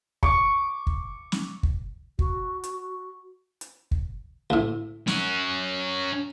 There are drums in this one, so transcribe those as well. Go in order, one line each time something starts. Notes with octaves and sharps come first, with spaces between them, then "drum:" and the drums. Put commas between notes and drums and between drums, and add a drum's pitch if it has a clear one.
C#6 D6, drum: kick
drum: kick
drum: snare
drum: kick
F#4, drum: kick
drum: hi-hat
drum: hi-hat
drum: kick
D2 A2
C#4 F#4, drum: snare